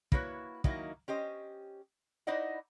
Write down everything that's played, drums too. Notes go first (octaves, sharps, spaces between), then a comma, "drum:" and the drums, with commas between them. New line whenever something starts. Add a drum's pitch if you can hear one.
A#3 E4 F#4 B4 C#5, drum: kick
D#3 F#3 A#3 D#4 E4, drum: kick
C#4 G4 C5 D#5
D#4 E4 C5 D5 D#5 F#5